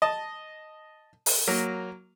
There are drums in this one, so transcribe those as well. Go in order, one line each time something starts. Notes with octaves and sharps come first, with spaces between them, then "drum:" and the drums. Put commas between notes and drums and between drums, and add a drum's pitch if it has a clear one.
D#5 A5
drum: open hi-hat
F#3 A#3